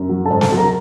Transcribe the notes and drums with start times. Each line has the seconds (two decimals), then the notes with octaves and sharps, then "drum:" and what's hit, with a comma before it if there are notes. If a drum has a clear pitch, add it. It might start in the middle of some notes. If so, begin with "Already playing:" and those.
Already playing: F#2
0.09 F#3
0.25 G#2 A4 A5
0.41 A4 A5, drum: snare
0.52 F#3
0.57 A#4 A#5